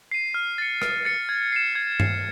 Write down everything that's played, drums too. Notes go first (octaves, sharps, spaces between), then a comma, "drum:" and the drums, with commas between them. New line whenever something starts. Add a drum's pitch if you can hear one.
C7 D#7
F6
A6 C#7
F6, drum: rim click
A6 C#7
G#6
C7 E7
G#6
C7 E7, drum: tom G2